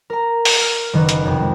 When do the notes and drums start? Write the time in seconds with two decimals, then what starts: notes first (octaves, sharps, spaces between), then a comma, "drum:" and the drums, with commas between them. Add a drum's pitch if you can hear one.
0.10 A#4 A#5
0.45 drum: open hi-hat
0.61 F6 D#7
0.93 F#1 D#3 B4
1.09 drum: hi-hat
1.24 B1 F2 C3
1.40 G#3